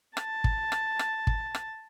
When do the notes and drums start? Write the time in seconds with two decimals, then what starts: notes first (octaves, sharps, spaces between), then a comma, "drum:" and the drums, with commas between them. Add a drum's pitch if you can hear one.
0.17 A5, drum: rim click
0.44 drum: kick
0.72 drum: rim click
0.99 drum: rim click
1.27 drum: kick
1.55 drum: rim click